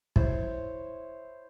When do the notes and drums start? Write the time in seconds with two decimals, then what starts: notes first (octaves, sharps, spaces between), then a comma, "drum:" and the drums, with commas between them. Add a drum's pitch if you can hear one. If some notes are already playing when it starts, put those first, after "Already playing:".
0.16 E4 C5 C#5, drum: kick